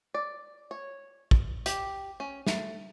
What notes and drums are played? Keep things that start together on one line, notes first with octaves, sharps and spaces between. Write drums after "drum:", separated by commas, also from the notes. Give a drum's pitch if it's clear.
D5
C#5
drum: kick
G4, drum: hi-hat
C#4
A3, drum: snare